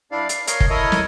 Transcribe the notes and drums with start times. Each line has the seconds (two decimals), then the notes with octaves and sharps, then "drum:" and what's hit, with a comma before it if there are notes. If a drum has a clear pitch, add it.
0.12 G2 D4 E4 D5 F5
0.29 F5, drum: hi-hat
0.47 A#4 C#5 D#5 F5, drum: hi-hat
0.60 drum: kick F#1
0.70 E4 A4 A#4 C#5 D#5 D#6
0.92 drum: snare